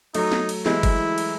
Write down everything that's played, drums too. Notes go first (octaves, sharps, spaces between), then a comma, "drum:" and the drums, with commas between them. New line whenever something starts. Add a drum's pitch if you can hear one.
F#3 A3 D#4, drum: cymbal
drum: snare
drum: cymbal
E3 G#3 E4, drum: snare
drum: kick, cymbal
drum: cymbal